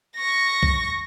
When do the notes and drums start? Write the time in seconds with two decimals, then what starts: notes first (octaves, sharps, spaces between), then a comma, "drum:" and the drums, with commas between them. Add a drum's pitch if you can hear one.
0.16 C#6 A#6
0.63 drum: kick B1